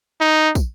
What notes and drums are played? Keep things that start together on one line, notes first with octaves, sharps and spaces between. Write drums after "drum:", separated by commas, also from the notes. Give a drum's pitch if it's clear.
D#4
drum: kick, tambourine